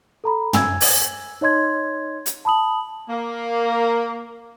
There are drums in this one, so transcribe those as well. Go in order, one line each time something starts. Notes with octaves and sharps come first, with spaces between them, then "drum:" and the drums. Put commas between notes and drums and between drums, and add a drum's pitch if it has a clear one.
A4 A#5 B5
G#5 E6 G#6, drum: tom
drum: open hi-hat
D#4 C#5 D#5 C6 G#6
drum: hi-hat
A5 B5 D#6 F#7
A#3